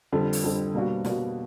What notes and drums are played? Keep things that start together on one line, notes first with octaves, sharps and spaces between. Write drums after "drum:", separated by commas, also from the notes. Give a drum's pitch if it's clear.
F2 D3 G3
drum: open hi-hat
F2 D3 G3
B2 G3 A#3 D4 F#4
B2 G3 A#3 D4 F#4, drum: snare